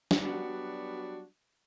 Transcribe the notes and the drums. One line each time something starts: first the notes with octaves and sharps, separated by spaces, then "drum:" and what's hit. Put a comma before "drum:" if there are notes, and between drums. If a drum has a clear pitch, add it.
drum: snare
F#3 G3 B3 D4 F#4